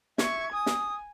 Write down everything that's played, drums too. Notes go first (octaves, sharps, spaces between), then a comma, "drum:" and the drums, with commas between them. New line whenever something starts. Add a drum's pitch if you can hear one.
E5 C#6 G#6, drum: snare
G#5 D#6
drum: snare